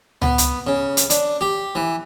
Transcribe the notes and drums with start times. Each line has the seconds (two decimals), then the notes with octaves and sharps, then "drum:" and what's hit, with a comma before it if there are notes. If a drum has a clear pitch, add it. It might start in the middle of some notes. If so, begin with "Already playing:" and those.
0.22 B3, drum: tom C#2
0.38 drum: hi-hat
0.67 C#3
0.97 drum: hi-hat
1.10 D4, drum: hi-hat
1.41 G4
1.75 E3